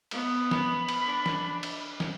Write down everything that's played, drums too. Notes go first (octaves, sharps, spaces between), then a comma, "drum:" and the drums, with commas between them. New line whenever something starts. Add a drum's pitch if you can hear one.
B3, drum: cymbal
B5, drum: snare
drum: cymbal
D4
drum: snare
drum: cymbal
drum: snare